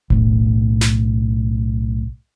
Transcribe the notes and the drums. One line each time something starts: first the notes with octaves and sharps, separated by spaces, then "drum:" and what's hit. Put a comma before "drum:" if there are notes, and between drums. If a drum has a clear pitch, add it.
B1 A2, drum: kick E1
drum: snare